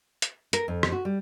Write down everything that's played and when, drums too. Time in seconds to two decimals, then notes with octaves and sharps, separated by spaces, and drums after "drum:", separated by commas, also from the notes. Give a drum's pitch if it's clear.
0.22 drum: hi-hat
0.53 A#4, drum: hi-hat
0.68 F2
0.83 drum: rim click
0.92 F#4
1.05 G3